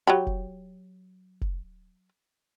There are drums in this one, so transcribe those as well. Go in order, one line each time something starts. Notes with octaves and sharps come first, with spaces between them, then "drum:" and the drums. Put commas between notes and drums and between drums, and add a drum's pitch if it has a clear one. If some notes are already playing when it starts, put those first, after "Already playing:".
F#3 G4 B5
drum: kick F1
drum: kick F1